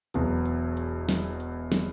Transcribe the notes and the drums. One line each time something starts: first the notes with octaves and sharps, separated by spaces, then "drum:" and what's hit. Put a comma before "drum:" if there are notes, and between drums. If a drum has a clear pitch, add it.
E1 E2 B2 F#3 B3, drum: hi-hat
drum: hi-hat
drum: hi-hat
drum: snare
drum: hi-hat
drum: snare